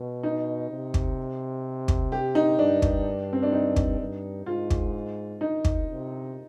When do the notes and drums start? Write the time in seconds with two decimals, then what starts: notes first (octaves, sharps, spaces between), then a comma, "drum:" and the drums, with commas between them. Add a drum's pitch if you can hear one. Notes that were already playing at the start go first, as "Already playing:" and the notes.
Already playing: B2
0.23 D#4
0.70 C3
0.94 drum: kick
1.88 drum: kick
2.12 G4
2.35 D#4
2.59 G2 D4
2.82 drum: kick
3.33 C4
3.43 D4
3.52 D#4
3.76 drum: kick
4.00 G2
4.46 G#2 F4
4.70 drum: kick
5.41 D#4
5.65 drum: kick
5.89 C3